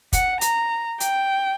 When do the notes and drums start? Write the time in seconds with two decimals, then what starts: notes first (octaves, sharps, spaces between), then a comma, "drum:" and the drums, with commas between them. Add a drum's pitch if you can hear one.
0.13 F#5, drum: kick, hi-hat
0.41 A#5, drum: hi-hat
1.00 G5, drum: hi-hat